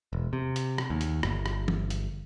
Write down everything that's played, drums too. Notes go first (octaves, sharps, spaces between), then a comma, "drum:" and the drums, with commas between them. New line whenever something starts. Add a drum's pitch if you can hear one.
E1
C3
drum: hi-hat
drum: rim click
D#2
drum: hi-hat
G1, drum: rim click
drum: rim click
drum: tom E3
drum: hi-hat